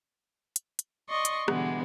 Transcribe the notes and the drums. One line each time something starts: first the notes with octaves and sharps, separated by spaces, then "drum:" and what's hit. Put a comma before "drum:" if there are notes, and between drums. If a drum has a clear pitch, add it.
drum: hi-hat
drum: hi-hat
D5 D#5 C6 C#6
drum: hi-hat
B2 D3 E3 G3 G#3 B3, drum: rim click